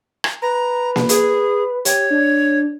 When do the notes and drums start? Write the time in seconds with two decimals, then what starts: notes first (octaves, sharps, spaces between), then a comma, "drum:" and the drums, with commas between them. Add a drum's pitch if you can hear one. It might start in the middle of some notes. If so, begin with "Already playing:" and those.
0.24 drum: rim click
0.42 B4 A#5
0.96 drum: snare A#3
1.09 G#4, drum: hi-hat
1.85 G4 C#5, drum: hi-hat
2.11 D4